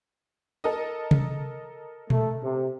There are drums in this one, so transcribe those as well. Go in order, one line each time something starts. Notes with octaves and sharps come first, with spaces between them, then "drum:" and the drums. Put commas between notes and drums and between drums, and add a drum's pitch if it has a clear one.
A4 A#4 D#5
drum: tom C3
A3, drum: tom A#2
C3